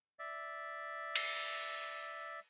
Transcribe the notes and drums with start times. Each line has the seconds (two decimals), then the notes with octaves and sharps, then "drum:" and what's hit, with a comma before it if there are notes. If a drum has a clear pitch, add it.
0.19 D5 E5
1.15 drum: cymbal